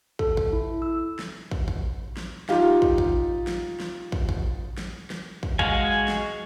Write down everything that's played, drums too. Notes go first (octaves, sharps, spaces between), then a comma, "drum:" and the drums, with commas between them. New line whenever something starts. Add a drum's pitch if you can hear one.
A4, drum: kick
drum: kick
E4
E6
drum: snare
drum: kick
drum: kick
drum: snare
D#4 F4 G4 F5, drum: snare
drum: kick
drum: kick
drum: snare
drum: snare
drum: kick
drum: kick
drum: snare
drum: snare
drum: kick
G#3 F#4 F5 G#5, drum: kick
drum: snare